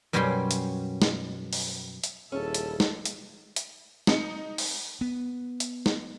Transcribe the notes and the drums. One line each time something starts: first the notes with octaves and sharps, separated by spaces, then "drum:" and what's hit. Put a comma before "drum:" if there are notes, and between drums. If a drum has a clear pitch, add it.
F#2 B2 G3 C#4 G4 C6
drum: hi-hat
drum: snare
drum: open hi-hat
drum: hi-hat
D#1 C#4 E4 G#4 A4
drum: hi-hat
drum: snare
drum: hi-hat
drum: hi-hat
D#4 C#7, drum: snare
drum: open hi-hat
B3
drum: hi-hat
drum: snare